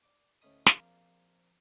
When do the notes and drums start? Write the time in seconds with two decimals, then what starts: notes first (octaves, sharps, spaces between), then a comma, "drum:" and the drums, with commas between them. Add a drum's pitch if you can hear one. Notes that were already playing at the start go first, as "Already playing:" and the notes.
0.03 D5 D6
0.42 D2 A2 C#4 D#5 B5 D#6
0.66 A#1 F3 A#3 C4 D5 F5, drum: snare